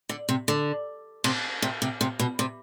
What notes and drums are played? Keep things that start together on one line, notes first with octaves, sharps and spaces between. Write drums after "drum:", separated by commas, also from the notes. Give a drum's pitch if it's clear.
D3
C3
D3
C3, drum: cymbal
C3
C3
C3
B2
C3